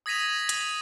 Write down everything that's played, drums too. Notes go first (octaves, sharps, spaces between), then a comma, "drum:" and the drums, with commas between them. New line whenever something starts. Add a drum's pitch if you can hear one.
D#6 G#6 A#6 B6 D#7 F7
drum: hi-hat